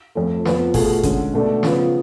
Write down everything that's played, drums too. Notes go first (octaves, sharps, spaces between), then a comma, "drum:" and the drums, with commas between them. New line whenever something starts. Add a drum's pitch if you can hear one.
F2 F3 A3
F2 F3 B3, drum: snare
B2 A3 F4 G#4, drum: kick G1, open hi-hat
D3 G#3 C#4, drum: kick G1, hi-hat
B2 A3 D4
C#3 F3 B3, drum: snare